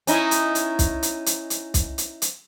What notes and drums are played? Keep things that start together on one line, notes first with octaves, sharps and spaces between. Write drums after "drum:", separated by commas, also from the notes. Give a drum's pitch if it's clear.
C#4 D#4 E4, drum: hi-hat
drum: hi-hat
drum: hi-hat
drum: kick, hi-hat
drum: hi-hat
drum: hi-hat
drum: hi-hat
drum: kick, hi-hat
drum: hi-hat
drum: hi-hat